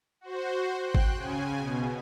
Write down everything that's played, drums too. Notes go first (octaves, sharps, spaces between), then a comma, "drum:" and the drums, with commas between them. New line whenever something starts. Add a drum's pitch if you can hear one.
F#4 C5
G5 C6 F#6
drum: kick G#1
C#3 G#5
B2